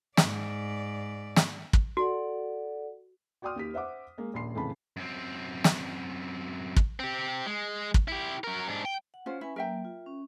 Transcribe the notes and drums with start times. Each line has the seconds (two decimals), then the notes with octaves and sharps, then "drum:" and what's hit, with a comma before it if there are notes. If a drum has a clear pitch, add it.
0.17 G#2 D5, drum: snare
1.36 drum: snare
1.73 drum: kick
1.97 F#4 A4 D5 F#5
3.42 F#4 D5 G5 C6 D#6 F6
3.56 D#2 G4 B6
3.74 C5 E5 F#5 D6
4.18 G#3 A#3
4.34 D#1 A#1 B5 C6 C7
4.55 F2 A2 C#3 E3 A5 B5
4.97 F#2 C4
5.64 drum: snare
6.76 drum: kick
7.00 C4 G4
7.46 G#3
7.94 drum: kick
8.08 E4 G4
8.44 F#3 A#4
8.68 G#2 D4
8.85 G5
9.14 F#5
9.26 C#4 F4 C5
9.41 C#4 E4 B4 G#5
9.56 F#3 A#3 A#4 E5 G5
9.85 F4
10.06 C#4